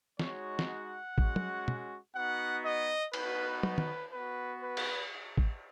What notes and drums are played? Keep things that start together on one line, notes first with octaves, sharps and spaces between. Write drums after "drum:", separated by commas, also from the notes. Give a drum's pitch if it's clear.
G#3 D#4 F#4 C#5, drum: snare
drum: snare
F#5
G#3 C#4 F#4, drum: kick A1
drum: tom
drum: tom
B3 D#4 F#4 F#5
D#5
B3 D#4 F#4 B4, drum: cymbal
B4, drum: tom
drum: tom
B3 F#4 B4
B4
drum: cymbal
drum: kick A1